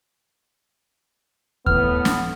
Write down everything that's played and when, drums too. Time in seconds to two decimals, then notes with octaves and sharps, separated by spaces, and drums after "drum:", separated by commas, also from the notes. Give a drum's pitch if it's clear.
1.66 A2 B3 F6, drum: kick D#2
2.05 drum: snare